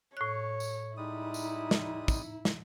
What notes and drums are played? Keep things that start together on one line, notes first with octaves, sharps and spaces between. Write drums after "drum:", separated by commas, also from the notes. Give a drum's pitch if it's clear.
A2 C#5 F#6
drum: tambourine
G3 G#3 D#4 E4 D#6
drum: tambourine
drum: snare
drum: kick, tambourine
drum: snare